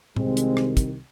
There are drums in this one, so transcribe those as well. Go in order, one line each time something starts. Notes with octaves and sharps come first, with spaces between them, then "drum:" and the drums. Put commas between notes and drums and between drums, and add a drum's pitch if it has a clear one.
C2 C3 D#3 G#3 C4, drum: tom A2
drum: hi-hat
drum: rim click
drum: kick, hi-hat